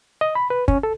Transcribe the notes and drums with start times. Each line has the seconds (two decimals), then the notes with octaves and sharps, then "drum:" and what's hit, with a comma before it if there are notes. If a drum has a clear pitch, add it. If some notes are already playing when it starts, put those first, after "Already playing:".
0.21 D#5
0.35 B5
0.50 B4
0.68 C#4, drum: kick
0.83 A4